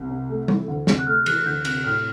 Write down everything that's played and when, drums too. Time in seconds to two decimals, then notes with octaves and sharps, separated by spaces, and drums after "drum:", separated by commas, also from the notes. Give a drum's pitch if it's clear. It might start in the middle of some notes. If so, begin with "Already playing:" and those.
Already playing: C2
0.10 C3
0.30 A3
0.48 E3, drum: tom G3
0.68 D2
0.87 C3, drum: snare
0.99 F#6
1.07 A3 F6
1.26 E3 F#6, drum: cymbal
1.46 D2 G6
1.65 C3 F#6, drum: cymbal
1.84 A2 F6